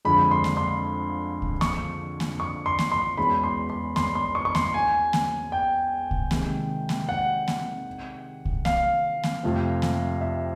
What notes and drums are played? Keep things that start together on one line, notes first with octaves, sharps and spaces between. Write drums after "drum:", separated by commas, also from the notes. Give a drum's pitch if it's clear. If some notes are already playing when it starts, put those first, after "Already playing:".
F2 D3 F3 G#3 B5
C6
drum: snare A#3
C6
drum: kick
C#6, drum: snare A#3
drum: snare A#3
C#6
C6
drum: snare A#3
C6
E2 B2 G#3 C#4 E4 B5
C6
C6
C6, drum: snare A#3
C6
C#6
C#6
C6, drum: snare A#3
G#5
drum: snare A#3
G5
drum: kick
C3 D#3 G#3, drum: snare A#3
drum: snare A#3
F#5
drum: snare A#3
drum: kick
F5, drum: snare A#3
drum: snare A#3
F2 C3 F3 A3 C4
drum: snare A#3
E5